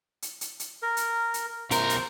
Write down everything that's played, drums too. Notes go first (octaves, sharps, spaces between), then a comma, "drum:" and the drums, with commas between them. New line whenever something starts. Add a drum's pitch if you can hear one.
drum: hi-hat
drum: hi-hat
drum: hi-hat
A#4
drum: hi-hat
drum: hi-hat
B1 A#4 C5, drum: hi-hat
drum: hi-hat